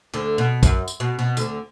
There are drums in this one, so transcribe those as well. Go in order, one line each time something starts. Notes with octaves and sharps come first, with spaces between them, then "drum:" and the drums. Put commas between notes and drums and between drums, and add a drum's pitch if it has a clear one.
D2 D3
B2
F#2, drum: kick A#1, tambourine
drum: tambourine
B2
B2
D2 D3, drum: tambourine